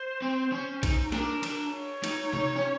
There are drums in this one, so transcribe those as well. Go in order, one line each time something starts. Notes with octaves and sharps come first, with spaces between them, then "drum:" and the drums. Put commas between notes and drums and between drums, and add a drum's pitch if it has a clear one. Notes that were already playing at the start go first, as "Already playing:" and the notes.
Already playing: C5
C4
C#4
D#4, drum: kick B1, cymbal
D4 A#4, drum: snare
D4, drum: cymbal
C#5
D#4, drum: cymbal
D#4, drum: tom C3
C#4